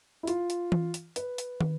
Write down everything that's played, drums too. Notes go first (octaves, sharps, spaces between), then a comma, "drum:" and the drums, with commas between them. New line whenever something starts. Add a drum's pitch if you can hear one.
E4
F4, drum: hi-hat
drum: hi-hat
drum: tom E3
drum: hi-hat
B4, drum: hi-hat
drum: hi-hat
drum: tom